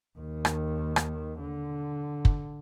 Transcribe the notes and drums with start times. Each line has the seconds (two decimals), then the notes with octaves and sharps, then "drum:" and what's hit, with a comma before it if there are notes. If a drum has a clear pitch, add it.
0.19 D#2 D#3
0.45 drum: rim click
0.96 drum: rim click
1.40 D3
2.25 drum: kick